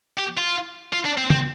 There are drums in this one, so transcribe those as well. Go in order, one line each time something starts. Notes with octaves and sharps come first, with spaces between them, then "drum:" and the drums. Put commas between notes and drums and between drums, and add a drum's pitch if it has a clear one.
G4
F4
F4
D4
C4
C4, drum: tom